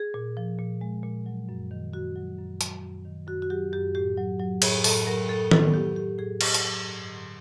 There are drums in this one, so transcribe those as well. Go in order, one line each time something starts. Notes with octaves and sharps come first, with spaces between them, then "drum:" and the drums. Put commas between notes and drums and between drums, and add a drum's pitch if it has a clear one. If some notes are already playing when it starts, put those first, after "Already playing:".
Already playing: G#4
A#2
F3
A#2
G#3
A#2
F#3
F#2
D#3
F#2 F#4
F#3
F#2
F#3, drum: hi-hat
F#2
D#3
F#2 F#4
F#4
F#3 G4
F#2 G4
A2 G4
F#3
F#3
A2 G#4, drum: cymbal
A2 A4, drum: open hi-hat
F#3 A#4
A2 A4
F#3 A4, drum: tom D#3
F#3 G4
A2 G4
A2 G#4
F#3 G4, drum: cymbal
drum: hi-hat
F#3
G2
D3